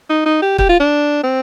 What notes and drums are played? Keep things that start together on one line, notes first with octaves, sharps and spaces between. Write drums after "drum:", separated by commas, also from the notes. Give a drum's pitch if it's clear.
D#4
D#4
G4
G4, drum: kick
F4
D4
C4